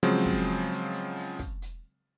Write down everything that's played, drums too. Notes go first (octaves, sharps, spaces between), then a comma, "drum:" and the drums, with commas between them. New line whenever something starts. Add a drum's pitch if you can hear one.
C#3 F3 F#3 G#3 C4
drum: kick, hi-hat
drum: hi-hat
drum: hi-hat
drum: hi-hat
drum: open hi-hat
drum: kick, hi-hat
drum: hi-hat